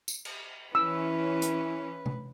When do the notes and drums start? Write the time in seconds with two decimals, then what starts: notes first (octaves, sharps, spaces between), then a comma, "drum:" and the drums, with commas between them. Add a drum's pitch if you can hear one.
0.08 drum: tambourine
0.25 drum: cymbal
0.75 E3 C#4 E4 B4 E6
1.42 drum: hi-hat
2.06 drum: tom C3